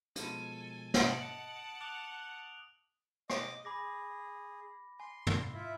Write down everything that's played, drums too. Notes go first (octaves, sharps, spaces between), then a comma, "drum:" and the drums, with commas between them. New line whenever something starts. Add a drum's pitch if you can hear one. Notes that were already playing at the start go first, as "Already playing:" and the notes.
B2 F3 G#3 A4 G#5, drum: hi-hat
drum: snare
D#5 F#5 A5 D#6 D7 F#7
D6 F#6 D7 F7
D#5 D6, drum: rim click
G#4 B5 D6 A#6
G#5 C6
drum: tom
E4 F4 E5